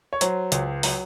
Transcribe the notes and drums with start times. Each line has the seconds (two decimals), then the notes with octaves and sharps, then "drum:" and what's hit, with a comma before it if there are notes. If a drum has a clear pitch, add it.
0.13 C#5
0.21 F#3 C5, drum: hi-hat
0.52 C#2, drum: hi-hat
0.83 F#3, drum: open hi-hat